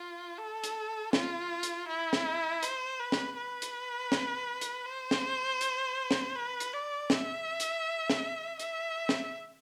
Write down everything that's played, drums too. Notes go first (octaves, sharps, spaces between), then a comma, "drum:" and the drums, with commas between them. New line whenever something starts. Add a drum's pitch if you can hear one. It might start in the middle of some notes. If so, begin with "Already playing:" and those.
Already playing: F4
A4
drum: hi-hat
F4, drum: snare
drum: hi-hat
E4
drum: snare
C5, drum: hi-hat
B4
drum: snare
B4
drum: hi-hat
drum: snare
drum: hi-hat
C5
drum: snare
drum: hi-hat
drum: snare
B4
drum: hi-hat
D5
E5, drum: snare
drum: hi-hat
drum: snare
E5, drum: hi-hat
drum: snare